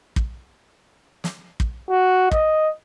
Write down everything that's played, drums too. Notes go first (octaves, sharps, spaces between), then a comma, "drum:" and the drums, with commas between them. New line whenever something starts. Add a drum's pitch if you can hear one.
drum: kick
drum: snare
drum: kick
F#4
D#5, drum: kick